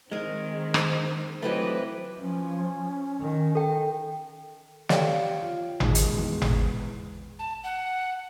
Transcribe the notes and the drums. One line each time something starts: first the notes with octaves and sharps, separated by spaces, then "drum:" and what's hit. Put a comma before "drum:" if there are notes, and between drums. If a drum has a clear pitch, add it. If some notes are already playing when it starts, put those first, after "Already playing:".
D#3 G#3 C4 G#4 A#4
drum: rim click
E3 F#3 A3 C4 G4 B4 D#5
F3 C#4
D#3
A4 G5
G4 A4 C#5 D5 F5 G5, drum: snare
F4
G#1 D#2 G#3, drum: tom G#1
drum: hi-hat
E2 G#3
drum: tom G#1
A5
F#5